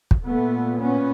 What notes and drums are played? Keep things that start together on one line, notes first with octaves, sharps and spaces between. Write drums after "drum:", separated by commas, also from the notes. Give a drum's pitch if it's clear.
drum: kick
A#2 A3 B3
B3 C#4